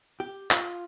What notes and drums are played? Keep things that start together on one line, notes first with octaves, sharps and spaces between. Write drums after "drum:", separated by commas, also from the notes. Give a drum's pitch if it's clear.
G4
F4, drum: clap